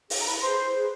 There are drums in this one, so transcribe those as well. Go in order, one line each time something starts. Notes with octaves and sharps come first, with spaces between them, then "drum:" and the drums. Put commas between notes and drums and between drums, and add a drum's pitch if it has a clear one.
G#4 C#5, drum: open hi-hat
A#5
E4 B4 B5
G#4 B4 C5 C6
E4
G#4 B4